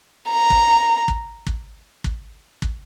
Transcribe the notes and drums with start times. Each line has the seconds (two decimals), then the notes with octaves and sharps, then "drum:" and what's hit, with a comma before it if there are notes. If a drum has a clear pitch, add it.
0.31 A#5
0.50 drum: kick
1.08 drum: kick
1.47 drum: kick
2.04 drum: kick
2.62 drum: kick